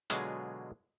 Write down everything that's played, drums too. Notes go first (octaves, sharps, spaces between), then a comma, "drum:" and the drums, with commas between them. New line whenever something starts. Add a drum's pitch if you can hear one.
B2 D3 F#3 G#3 F4 G#4, drum: hi-hat